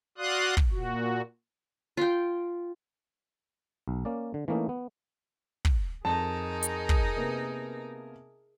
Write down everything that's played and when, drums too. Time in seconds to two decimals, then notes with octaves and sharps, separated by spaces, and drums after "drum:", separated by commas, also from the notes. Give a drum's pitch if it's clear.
0.18 F#4 D5 F5 C6 D#6 F#6
0.57 drum: kick
0.72 A#2 F#4
1.97 F4 G5
3.88 B1
4.05 A#3 C#4 D5
4.34 D3
4.48 E3 A3 A#3 C#4 D#4
4.69 B3
5.65 drum: kick
6.05 F2 D#4 G#4 A#4 A5
6.63 drum: hi-hat
6.89 drum: kick
7.16 C3 A#3 B3